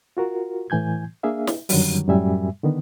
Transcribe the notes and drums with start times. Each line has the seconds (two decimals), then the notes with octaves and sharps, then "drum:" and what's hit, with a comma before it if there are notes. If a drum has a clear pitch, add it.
0.17 F4 F#4 A#4
0.70 A2 E3 G#5 G6 G#6
1.23 A#3 D4 G#4 E5 F5
1.47 drum: snare
1.69 F#2 D3 D#3 F#3 G3, drum: open hi-hat
2.08 F#2 A2 G3 E5 G#5
2.63 D3 D#3 B3